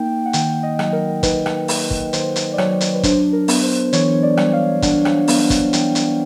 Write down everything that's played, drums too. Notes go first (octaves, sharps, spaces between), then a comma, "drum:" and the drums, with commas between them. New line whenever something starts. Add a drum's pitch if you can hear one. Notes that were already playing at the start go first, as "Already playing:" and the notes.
Already playing: A#3 D#4 G5
F#5
D#3 G5, drum: hi-hat
D#5
F#3, drum: rim click
A#4
D#4 B4, drum: kick, hi-hat
drum: rim click
A#3, drum: open hi-hat
drum: kick
D#3 C5, drum: hi-hat
drum: hi-hat
D5
F#3 C#5, drum: rim click
drum: hi-hat
B4
D4 C5, drum: kick, hi-hat
A#4
B3, drum: open hi-hat
C5
E3 C#5, drum: hi-hat
D5
G3, drum: rim click
F5
D4 F#5, drum: kick, hi-hat
drum: rim click
B3 F5, drum: open hi-hat
drum: kick, hi-hat
E3 G5, drum: hi-hat
drum: hi-hat